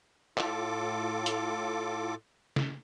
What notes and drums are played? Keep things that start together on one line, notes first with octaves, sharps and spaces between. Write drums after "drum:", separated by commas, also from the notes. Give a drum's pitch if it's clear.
A2 F4 A4 D6, drum: clap
drum: hi-hat
drum: snare